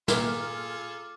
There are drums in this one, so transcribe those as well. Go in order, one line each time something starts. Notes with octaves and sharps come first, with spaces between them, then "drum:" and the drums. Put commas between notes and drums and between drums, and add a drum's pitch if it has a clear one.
A#2 F4 G#4 A4 D6 F6, drum: snare